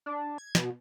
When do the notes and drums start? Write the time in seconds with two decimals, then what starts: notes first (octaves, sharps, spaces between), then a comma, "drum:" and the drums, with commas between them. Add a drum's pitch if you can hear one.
0.06 D4
0.38 G#6
0.55 B2, drum: snare